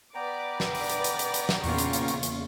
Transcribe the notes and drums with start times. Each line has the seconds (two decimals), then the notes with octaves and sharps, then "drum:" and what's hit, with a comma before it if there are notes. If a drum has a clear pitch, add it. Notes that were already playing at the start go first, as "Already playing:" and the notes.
0.15 B3 B4 D5 G5 A#5 D6
0.60 drum: snare
0.75 drum: open hi-hat
0.90 drum: hi-hat
1.04 drum: hi-hat
1.19 drum: hi-hat
1.34 drum: hi-hat
1.49 drum: snare
1.64 E2 A#2 C#3 A#3 F4 C#6, drum: open hi-hat
1.78 drum: hi-hat
1.93 drum: hi-hat
2.08 drum: hi-hat
2.23 drum: hi-hat